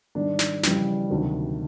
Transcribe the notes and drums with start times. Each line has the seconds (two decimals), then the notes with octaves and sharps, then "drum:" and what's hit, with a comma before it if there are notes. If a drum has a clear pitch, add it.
0.15 G#2 D#3 G3 D4
0.39 drum: snare
0.63 F2 C#3 E3 G3, drum: snare
1.10 D2 C3 D#3 F#3